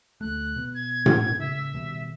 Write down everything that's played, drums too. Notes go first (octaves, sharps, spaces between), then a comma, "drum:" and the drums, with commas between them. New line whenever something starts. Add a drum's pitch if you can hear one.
D2 A3 F#6
B2 B3
G#6
drum: tom A2
C#3 E5
B2 D#3 G3